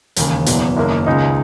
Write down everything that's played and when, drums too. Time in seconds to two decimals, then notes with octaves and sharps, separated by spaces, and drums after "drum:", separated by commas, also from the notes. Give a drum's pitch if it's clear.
0.16 E1 D#2 C#3, drum: hi-hat
0.46 F#1 E2 B2, drum: hi-hat
0.77 F#1 F#2 D#3 A#3
1.06 C#2 C#3 G#3 D#4